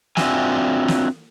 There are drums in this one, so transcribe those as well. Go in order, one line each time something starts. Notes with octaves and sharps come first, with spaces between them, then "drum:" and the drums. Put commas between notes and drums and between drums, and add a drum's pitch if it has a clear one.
C4 D4 F4 F#4 E5 G#5, drum: snare
drum: snare